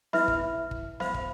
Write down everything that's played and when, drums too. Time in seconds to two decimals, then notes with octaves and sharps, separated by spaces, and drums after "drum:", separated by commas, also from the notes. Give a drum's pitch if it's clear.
0.13 E4 B4 E5 B5, drum: snare B3
0.28 drum: kick
0.71 drum: kick
1.00 C5 F5 B5, drum: snare B3
1.14 drum: kick